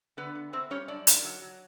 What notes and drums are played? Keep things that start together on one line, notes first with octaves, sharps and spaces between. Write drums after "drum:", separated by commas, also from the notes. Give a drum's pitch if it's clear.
D3 B3 B4
B3
C3 C4 C5
G3 C#4 C#5
F#2 D4 D5
D#3, drum: hi-hat
F#3
F#3